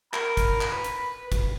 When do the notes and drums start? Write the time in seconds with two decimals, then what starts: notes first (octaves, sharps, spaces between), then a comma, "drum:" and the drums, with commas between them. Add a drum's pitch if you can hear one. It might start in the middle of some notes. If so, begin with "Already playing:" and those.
0.14 A#4 B5, drum: clap
0.37 drum: kick, hi-hat
0.61 drum: clap
0.73 B4
0.84 drum: hi-hat
1.32 drum: kick, hi-hat